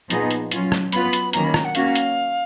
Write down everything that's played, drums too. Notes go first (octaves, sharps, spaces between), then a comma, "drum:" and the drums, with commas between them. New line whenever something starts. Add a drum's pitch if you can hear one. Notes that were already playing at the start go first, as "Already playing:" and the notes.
A#2 F3 B3 D#4 G#4, drum: hi-hat
drum: hi-hat
F#3 C#4 F4, drum: hi-hat
drum: rim click
F#3 B3 F4 B4 B5, drum: hi-hat
drum: hi-hat
D#3 F#3 A#3 C#4 A#5, drum: hi-hat
B5
A#5, drum: rim click
F#5
A#3 C#4 F#4 F5, drum: hi-hat
drum: hi-hat